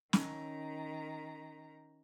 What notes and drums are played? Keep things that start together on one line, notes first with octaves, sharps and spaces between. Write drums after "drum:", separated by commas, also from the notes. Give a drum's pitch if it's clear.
D#3 C#4 A#5, drum: snare